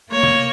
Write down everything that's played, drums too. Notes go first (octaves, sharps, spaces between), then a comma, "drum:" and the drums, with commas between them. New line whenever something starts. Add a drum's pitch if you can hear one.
A#3 C#5
drum: tom C3